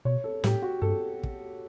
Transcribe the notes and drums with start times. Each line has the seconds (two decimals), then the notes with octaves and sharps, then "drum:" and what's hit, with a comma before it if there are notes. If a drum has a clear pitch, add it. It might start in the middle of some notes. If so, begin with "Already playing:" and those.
0.05 B2 C#5
0.24 A4
0.44 A2 G4, drum: snare
0.62 F#4
0.82 G2 A4
1.23 drum: kick